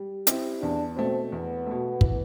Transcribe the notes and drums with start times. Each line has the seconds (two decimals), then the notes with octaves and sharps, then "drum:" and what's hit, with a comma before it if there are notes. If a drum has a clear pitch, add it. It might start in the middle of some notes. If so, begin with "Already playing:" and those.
Already playing: G3
0.27 C4 E4 G4, drum: hi-hat
0.62 E2 D4
0.97 B2 A3 C4
1.31 E2 B3
1.67 B2 A3
2.01 E3, drum: kick